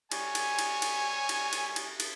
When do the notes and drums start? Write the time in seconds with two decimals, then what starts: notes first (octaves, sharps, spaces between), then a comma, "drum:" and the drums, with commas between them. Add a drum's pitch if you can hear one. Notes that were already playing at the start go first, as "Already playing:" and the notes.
0.12 G3 C#5 G#5, drum: cymbal
0.35 drum: cymbal
0.59 drum: cymbal
0.82 drum: cymbal
1.29 drum: cymbal
1.53 drum: cymbal
1.76 drum: cymbal
2.00 drum: cymbal